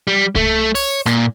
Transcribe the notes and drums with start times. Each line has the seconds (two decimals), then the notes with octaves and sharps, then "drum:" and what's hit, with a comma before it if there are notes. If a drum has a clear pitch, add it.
0.07 G3
0.36 A3, drum: kick C2
0.75 C#5, drum: open hi-hat
1.06 A#2, drum: rim click